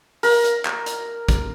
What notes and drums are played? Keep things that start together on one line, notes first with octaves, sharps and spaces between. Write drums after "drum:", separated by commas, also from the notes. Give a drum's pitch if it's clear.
A#4, drum: open hi-hat
drum: hi-hat
drum: clap
drum: hi-hat
drum: kick, hi-hat